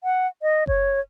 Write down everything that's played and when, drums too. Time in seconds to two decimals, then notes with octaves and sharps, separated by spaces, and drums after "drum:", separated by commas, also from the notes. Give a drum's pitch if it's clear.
0.04 F#5
0.42 D#5
0.67 C#5, drum: kick F#1